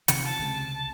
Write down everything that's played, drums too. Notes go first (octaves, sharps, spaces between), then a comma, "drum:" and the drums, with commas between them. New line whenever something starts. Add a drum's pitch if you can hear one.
C3 D#3 F3 C#7, drum: hi-hat
A5
C#2 C3
A5